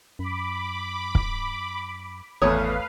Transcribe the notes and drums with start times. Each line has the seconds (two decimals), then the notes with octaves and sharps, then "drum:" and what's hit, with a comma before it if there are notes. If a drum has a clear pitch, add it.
0.19 F#2 B5 D6
1.15 drum: kick
2.42 G#1 E2 A3 B4 C#5 F5 D#6